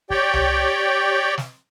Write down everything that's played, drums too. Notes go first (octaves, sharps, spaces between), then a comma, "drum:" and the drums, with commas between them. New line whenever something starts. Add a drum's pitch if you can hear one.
G4 C#5 D5 G5, drum: kick
drum: tom C2
drum: snare